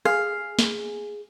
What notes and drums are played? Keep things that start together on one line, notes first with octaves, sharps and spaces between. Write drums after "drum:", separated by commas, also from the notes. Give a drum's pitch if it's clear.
G#4 F5, drum: rim click
drum: snare